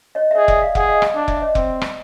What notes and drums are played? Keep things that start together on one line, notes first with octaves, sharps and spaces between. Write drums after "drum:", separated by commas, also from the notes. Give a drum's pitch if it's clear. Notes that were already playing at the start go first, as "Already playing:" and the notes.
C#5 D#5
E5
G#4 C#5 D#5
D5 E5, drum: kick F1
F5
G#4 F#5, drum: kick F1
D#5 F5
drum: rim click
D4
D5 E5, drum: kick F1
C#5 D#5
C4, drum: kick F1
drum: rim click